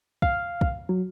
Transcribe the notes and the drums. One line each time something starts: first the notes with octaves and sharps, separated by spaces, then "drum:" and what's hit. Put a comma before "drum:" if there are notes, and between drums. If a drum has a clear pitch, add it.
F5, drum: kick
drum: kick
F#3